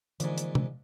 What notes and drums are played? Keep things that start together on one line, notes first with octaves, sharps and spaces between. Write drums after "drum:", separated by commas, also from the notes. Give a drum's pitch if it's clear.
A#1 G#2 D3 E3, drum: hi-hat
drum: hi-hat
drum: tom C3